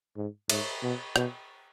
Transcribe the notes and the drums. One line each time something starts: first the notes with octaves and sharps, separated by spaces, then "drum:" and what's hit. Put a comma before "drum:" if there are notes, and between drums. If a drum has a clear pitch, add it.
G#2
G#2, drum: cymbal
B2
B2, drum: rim click